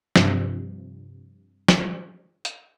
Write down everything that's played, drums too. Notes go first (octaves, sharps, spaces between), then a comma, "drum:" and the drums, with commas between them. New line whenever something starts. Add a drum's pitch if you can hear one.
G2 C3 F3, drum: snare
drum: snare
drum: hi-hat